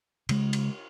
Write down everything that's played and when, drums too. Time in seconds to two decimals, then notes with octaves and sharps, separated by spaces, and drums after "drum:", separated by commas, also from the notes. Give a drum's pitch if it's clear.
0.29 C#3 G#3, drum: cymbal
0.53 drum: cymbal